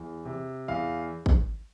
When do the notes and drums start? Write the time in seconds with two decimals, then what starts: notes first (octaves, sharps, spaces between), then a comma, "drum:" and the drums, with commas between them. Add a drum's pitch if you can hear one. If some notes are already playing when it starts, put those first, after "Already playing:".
Already playing: E2
0.25 C3
0.68 E2 F5
1.26 drum: kick